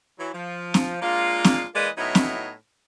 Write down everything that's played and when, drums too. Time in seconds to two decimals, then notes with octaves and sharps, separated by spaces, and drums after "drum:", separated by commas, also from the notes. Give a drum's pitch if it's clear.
0.20 E3 F#3 E4
0.34 F3
0.74 drum: snare C4
1.02 G#3 A#3 D4 F4
1.44 drum: snare C4
1.75 E3 G#3 A#3 B4 D5 D#5
1.97 A2 F#3 B3 D#4 E4 C#5
2.15 drum: snare C4